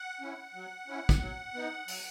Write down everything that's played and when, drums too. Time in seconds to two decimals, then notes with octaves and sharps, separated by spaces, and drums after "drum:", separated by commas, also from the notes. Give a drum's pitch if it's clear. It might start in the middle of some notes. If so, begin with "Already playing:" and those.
Already playing: F#5
0.21 C#4 E4
0.54 F#3
0.87 C#4 E4
1.09 drum: kick
1.20 F#3
1.54 B3 D#4
1.88 F#3, drum: open hi-hat